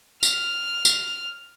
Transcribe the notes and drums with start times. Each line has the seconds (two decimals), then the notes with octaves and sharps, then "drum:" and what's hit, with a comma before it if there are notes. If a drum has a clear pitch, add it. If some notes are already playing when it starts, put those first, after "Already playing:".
0.23 F6, drum: tambourine
0.85 drum: tambourine